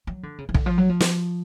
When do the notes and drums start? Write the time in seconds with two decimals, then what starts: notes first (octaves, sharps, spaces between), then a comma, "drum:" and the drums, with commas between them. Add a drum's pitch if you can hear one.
0.07 F#3
0.23 D3
0.38 C#3
0.49 F3
0.54 D3, drum: kick
0.66 F3
0.78 F#3
0.89 F3
1.00 drum: snare